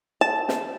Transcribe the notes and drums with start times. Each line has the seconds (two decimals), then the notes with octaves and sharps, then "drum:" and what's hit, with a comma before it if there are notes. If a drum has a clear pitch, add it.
0.21 A5
0.49 drum: snare